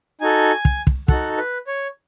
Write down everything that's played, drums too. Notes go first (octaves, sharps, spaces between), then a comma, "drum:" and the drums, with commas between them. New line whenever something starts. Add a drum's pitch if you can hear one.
D#4 F#4 A4 G#5
drum: kick
drum: kick
D#4 F#4 A4 F#5, drum: kick
B4
C#5